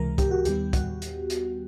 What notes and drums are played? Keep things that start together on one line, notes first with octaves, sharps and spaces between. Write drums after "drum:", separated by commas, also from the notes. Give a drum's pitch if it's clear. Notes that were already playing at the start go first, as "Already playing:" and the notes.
Already playing: C#2 C3 E3 G#3 A#4
G4, drum: kick, hi-hat
F#4
D#2 D#3 G3 B3 G4, drum: hi-hat
F#4, drum: kick, hi-hat
drum: hi-hat
drum: hi-hat